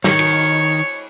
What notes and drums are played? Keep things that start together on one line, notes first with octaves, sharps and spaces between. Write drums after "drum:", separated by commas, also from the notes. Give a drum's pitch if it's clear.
D#3 C#5, drum: snare
drum: cymbal